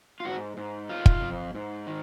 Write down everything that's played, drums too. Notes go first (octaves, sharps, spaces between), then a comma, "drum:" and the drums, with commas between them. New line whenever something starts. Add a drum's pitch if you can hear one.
F4
G#2 F#4
G#2
D#4 F4
drum: kick
F2
G#2
D#3